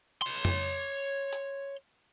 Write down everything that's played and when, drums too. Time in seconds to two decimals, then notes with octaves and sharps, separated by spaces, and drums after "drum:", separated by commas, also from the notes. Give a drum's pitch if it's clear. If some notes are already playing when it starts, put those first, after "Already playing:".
0.22 C#5 C6
0.45 drum: tom F2
1.33 drum: hi-hat